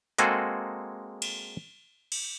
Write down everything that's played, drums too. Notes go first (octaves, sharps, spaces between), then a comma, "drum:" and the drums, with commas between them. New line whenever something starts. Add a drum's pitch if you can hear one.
G#3 A#3 C4 F#4 G#4 A4, drum: hi-hat
drum: cymbal
drum: cymbal